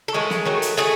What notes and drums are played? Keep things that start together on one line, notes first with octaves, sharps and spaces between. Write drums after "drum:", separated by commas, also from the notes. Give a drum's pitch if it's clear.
A4
D#3 F#3 G#3 A3 G#4
drum: snare
D#3 F#3 A3
drum: hi-hat
F#3 G#3 A3 G#4